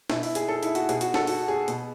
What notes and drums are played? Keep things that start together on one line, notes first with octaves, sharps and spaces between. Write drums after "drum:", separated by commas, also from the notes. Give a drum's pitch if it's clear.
B2 E4, drum: snare
E4, drum: open hi-hat
G#4, drum: hi-hat
A4
E4, drum: hi-hat
F#4, drum: hi-hat
B2 G#4, drum: hi-hat
F#4, drum: hi-hat
A4, drum: snare
F#4, drum: open hi-hat
G#4
B2, drum: hi-hat